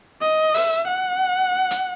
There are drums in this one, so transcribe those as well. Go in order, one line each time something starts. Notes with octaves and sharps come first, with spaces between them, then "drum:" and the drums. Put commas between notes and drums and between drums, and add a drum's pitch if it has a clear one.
D#5
E5, drum: open hi-hat
F#5
drum: hi-hat